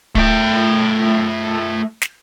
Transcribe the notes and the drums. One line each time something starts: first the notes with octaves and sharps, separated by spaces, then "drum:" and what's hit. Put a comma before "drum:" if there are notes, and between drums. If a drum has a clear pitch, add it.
A3 G5, drum: kick
drum: snare